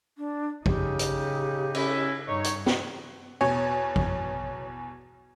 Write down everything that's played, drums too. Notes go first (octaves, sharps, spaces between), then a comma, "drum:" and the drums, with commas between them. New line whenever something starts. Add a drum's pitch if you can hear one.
D4
C#3 D#4 G4, drum: kick A1
drum: hi-hat
C#4 E4, drum: cymbal
G2 D#4 C#5
drum: hi-hat
drum: snare
E2 B2 C#5 G#5
drum: kick A1